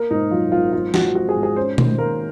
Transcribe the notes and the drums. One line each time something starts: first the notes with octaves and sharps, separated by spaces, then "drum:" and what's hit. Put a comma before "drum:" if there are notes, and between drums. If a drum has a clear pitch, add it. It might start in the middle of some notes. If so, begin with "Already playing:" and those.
Already playing: A#3 A#4
G#2 D#4
F#3 F4
G#1 F4
G#2 F4
F3 F#4, drum: snare
C4 F#4
G#4
G#2
G#4
C#4 C5
D#3, drum: tom B2
A#3 A#4